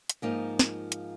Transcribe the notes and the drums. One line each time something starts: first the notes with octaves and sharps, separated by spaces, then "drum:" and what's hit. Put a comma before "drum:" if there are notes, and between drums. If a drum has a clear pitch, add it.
drum: hi-hat
G#2 F3 A#3 D#4
drum: snare
drum: hi-hat